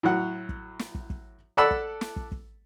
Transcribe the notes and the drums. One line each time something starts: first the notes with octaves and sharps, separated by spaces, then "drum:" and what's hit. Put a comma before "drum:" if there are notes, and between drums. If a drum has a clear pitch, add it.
A2 F#3 F#5
drum: kick
drum: snare
drum: kick
drum: kick
A4 D5 F#5 A5 B5 E6
drum: kick
drum: snare
drum: kick
drum: kick